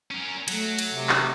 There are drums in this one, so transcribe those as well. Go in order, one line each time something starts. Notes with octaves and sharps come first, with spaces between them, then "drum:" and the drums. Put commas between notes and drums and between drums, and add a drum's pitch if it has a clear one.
C#4 A#4
F#3 A3, drum: cymbal
drum: cymbal
C3
drum: clap